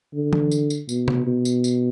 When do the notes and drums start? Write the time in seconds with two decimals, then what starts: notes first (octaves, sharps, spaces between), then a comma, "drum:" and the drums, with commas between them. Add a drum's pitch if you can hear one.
0.14 D3
0.33 drum: tom E3
0.51 drum: tambourine
0.70 drum: tambourine
0.89 B2, drum: tambourine
1.08 drum: tom C3
1.27 B2
1.45 drum: tambourine
1.64 drum: tambourine